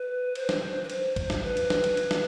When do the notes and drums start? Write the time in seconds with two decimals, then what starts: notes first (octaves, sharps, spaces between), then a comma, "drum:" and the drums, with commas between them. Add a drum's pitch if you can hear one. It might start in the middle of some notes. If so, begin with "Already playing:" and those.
Already playing: B4
0.35 C5, drum: cymbal
0.49 drum: snare
0.83 B4
0.90 C5, drum: cymbal
1.16 drum: kick C#2, cymbal
1.30 drum: snare
1.43 B4
1.57 drum: cymbal
1.70 drum: snare
1.84 drum: cymbal
1.97 drum: cymbal
2.11 drum: snare